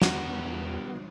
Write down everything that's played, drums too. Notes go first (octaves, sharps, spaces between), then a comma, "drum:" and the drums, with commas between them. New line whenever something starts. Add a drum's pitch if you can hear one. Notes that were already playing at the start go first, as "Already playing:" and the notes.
E2 B3 F#4 G4 A#4, drum: snare